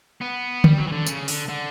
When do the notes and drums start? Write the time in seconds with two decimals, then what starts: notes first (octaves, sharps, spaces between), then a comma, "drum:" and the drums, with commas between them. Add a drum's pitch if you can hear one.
0.21 B3
0.64 G3, drum: tom
0.78 F#3
0.87 E3
0.92 D3
1.07 C#3, drum: tambourine
1.28 D3, drum: open hi-hat
1.48 D3